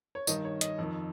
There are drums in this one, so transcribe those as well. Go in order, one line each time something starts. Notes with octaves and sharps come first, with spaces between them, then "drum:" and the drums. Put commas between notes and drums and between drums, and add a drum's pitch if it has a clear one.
C#5
G2 D#3 D#5, drum: tambourine
C#5
D#5, drum: hi-hat
F2 D#3